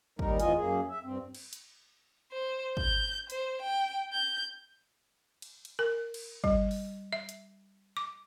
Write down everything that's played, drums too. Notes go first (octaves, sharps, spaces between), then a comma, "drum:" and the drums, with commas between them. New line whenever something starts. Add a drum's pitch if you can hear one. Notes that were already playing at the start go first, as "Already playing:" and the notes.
D#2 G3 D#4 A#4, drum: kick
F2 A2 E3 F4 D#5 G#5, drum: hi-hat
F#2 A#3 G#4
E5
G2 C4
drum: cymbal
drum: hi-hat
C5
G6, drum: kick
C5, drum: hi-hat
G5
G6
drum: cymbal
drum: cymbal
A#4
drum: cymbal
G3, drum: kick
drum: open hi-hat
E5
drum: hi-hat
D6